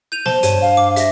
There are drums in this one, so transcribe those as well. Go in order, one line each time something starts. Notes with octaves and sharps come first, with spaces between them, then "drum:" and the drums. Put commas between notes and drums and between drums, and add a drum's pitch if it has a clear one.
G6 D#7 F7
C5 A5 G7, drum: snare
G2 C#5 D#7, drum: hi-hat
F5
D6
E5 A#6, drum: hi-hat